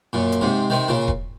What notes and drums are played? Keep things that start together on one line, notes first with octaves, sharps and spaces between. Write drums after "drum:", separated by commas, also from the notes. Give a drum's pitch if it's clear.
F#2 A#2
drum: hi-hat
G#2 C3
C3 D#3
A#2 C#3
drum: kick E1